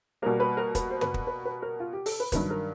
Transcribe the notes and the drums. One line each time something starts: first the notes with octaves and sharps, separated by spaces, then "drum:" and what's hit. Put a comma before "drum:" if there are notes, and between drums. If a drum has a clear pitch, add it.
B2 G3 A#3 A#4
B4
A#4
B4, drum: kick, hi-hat
C5
B4, drum: tom
drum: kick
B4
B4
A#4
F4
G4
A4, drum: open hi-hat
B4
G2 D#3 F#3 B4, drum: kick, hi-hat
A#4